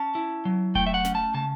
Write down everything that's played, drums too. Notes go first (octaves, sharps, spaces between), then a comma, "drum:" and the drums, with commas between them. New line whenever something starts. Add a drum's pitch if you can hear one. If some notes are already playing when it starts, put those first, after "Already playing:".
Already playing: C#4 A5
E4
F#3
A3 G5, drum: kick E1
E5
F#5
C#4, drum: snare
A5
C#3 A5